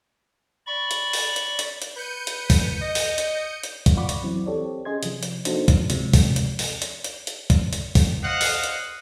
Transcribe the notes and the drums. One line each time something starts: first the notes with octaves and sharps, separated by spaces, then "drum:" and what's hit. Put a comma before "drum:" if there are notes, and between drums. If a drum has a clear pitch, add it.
D5 B5 C#6
drum: hi-hat
drum: open hi-hat
drum: hi-hat
drum: hi-hat
drum: hi-hat
B4 G6 C#7 D#7
drum: hi-hat
drum: kick, open hi-hat
D#5
drum: open hi-hat
drum: hi-hat
drum: hi-hat
drum: kick, hi-hat
F4 D5 F#5 B5 C#6 D6
drum: hi-hat
E3 F#3 C4 E4
C4 G4 A4 C#5 D5
C#4 G#4 D#5 C6 G#6
C3 F3, drum: hi-hat
drum: hi-hat
A#3 D4 D#4 F#4 A4 C5, drum: hi-hat
drum: kick, hi-hat
C3 F3 G#3, drum: hi-hat
drum: kick, open hi-hat
drum: hi-hat
drum: open hi-hat
drum: hi-hat
drum: hi-hat
drum: hi-hat
drum: kick, hi-hat
drum: hi-hat
drum: kick, open hi-hat
C5 D#5 F5 F#5
drum: open hi-hat
drum: hi-hat